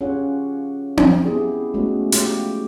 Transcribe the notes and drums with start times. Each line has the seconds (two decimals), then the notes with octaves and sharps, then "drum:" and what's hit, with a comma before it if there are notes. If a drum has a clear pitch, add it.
0.01 C#4 F4 G4 G#4 C#5 F#5
0.97 drum: tom C4
1.25 B3 E4 G4 G#4
1.74 G#3 A3 B3 C#4 F#4
2.12 G#3 F4 G4 C#5, drum: hi-hat